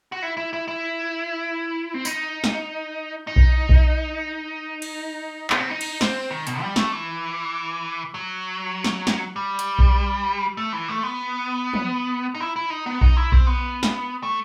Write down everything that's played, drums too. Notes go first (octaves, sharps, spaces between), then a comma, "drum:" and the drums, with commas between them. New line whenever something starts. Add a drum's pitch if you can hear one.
F#4
E4
E4
E4
E4
C4
D#4, drum: tambourine
drum: snare
D#4
drum: kick B1
drum: kick B1
drum: cymbal
B3, drum: clap
C4
D#4
drum: cymbal
C4, drum: snare
D#3
B2, drum: hi-hat
G3
A3, drum: snare
E3
F#3
drum: snare
drum: snare
G3
drum: hi-hat
drum: kick B1
A3
E3
A3
B3
drum: tom
D#4
E4
E4
D#4
B3
D#4, drum: kick B1
E4
C4, drum: kick B1
B3
drum: snare
A3